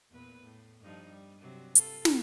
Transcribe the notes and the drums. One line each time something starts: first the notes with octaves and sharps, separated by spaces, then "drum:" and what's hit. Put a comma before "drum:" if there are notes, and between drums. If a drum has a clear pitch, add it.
E2 A#2 B4
A2
G2 F3 D#4
G3
C3 F#3
F4 A4, drum: hi-hat
drum: snare